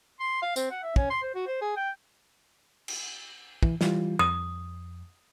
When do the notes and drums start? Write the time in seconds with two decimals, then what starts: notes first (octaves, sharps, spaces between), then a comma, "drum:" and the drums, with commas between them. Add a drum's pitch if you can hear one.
0.20 C6
0.42 F5
0.56 C4, drum: tambourine
0.71 F#5
0.83 E5
0.96 C#4, drum: kick
1.10 C6
1.23 C5
1.35 F#4
1.47 C5
1.61 G#4
1.76 G5
2.88 drum: cymbal
3.63 E3, drum: kick
3.81 E3 G3 F4, drum: snare
4.19 F2 D#6